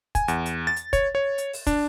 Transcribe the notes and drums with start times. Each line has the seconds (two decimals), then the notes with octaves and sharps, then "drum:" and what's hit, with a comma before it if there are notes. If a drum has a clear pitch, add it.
0.15 G#5, drum: kick, hi-hat
0.28 E2, drum: hi-hat
0.46 drum: hi-hat
0.67 A6
0.76 drum: hi-hat
0.93 C#5, drum: kick, hi-hat
1.15 C#5
1.38 drum: hi-hat
1.53 drum: open hi-hat
1.67 D4, drum: kick, hi-hat